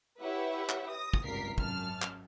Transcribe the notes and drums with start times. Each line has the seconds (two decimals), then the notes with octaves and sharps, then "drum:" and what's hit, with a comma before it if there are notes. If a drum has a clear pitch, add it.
0.22 E4 G4 B4 C#5 E5 F#5
0.69 drum: clap
0.89 D#6 A#6
1.14 drum: kick
1.24 G#1 C#2 G2 A#4 B6 C7
1.58 F#2 A5 F6, drum: kick
2.02 drum: clap